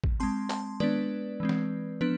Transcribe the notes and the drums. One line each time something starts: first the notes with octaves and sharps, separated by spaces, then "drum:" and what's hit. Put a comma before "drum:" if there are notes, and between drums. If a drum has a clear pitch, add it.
drum: kick
G#3 C4 A5 C6
A5 C6, drum: clap
G#3 B3 D4 B4 D5, drum: tom D#3
E3 G#3 C4
drum: snare
F3 B3 D4 B4